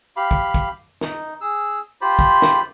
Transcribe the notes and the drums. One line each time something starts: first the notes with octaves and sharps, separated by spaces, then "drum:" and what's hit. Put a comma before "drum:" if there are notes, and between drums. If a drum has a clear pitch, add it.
G4 F5 B5
drum: kick
drum: kick
D#4, drum: snare
G#4 E6
F4 G4 C5 B5
drum: kick
drum: snare